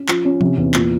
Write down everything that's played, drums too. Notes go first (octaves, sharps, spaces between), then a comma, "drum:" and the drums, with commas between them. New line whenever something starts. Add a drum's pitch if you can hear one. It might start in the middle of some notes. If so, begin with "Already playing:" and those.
Already playing: C#4
F3, drum: clap
C#4
C3, drum: tom E3
E2
A#2, drum: clap